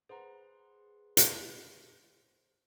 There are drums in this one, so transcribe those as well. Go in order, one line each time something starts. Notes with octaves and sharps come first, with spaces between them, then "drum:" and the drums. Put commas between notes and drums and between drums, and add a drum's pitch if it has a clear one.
G#4 B4 C5 F#5 A#5
drum: hi-hat